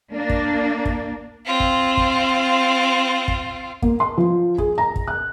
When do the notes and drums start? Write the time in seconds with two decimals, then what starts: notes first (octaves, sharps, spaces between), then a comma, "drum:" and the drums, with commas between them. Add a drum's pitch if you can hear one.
0.13 A#3 D4
0.30 drum: kick
0.85 drum: kick
1.45 C4 F4
1.60 drum: kick
1.97 drum: kick
3.28 drum: kick
3.82 A#3, drum: kick
4.00 C6
4.18 F3
4.58 G#4, drum: kick
4.78 A#5
4.96 drum: kick
5.08 F#6